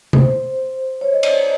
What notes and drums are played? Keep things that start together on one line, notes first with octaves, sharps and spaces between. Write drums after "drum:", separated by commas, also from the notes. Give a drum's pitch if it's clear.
C5, drum: tom C3
C#5
D#5
D5, drum: cymbal